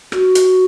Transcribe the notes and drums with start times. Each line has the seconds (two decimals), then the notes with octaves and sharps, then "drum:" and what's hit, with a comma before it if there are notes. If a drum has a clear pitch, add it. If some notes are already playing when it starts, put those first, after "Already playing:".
0.12 F#4, drum: rim click
0.35 drum: hi-hat